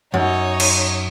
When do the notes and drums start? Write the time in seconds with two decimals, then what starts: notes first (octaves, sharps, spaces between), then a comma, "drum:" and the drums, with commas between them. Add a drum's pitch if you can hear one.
0.14 F#2 D#4 C#5
0.60 drum: cymbal